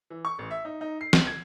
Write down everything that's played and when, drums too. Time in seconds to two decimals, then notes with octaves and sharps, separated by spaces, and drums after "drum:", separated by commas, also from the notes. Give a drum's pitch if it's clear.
0.10 E3
0.25 C#6
0.39 A1
0.51 E5
0.65 D#4
0.81 D#4
1.01 C7
1.13 C#2, drum: snare
1.27 G#6